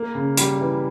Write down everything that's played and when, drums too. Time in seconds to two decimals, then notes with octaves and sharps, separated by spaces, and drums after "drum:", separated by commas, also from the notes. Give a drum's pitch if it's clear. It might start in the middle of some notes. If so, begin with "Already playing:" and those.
Already playing: A#3
0.15 C#3
0.37 G3, drum: hi-hat
0.61 E3